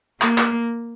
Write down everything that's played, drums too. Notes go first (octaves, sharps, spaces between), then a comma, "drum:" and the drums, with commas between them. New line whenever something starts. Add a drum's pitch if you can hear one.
A#3, drum: clap
drum: clap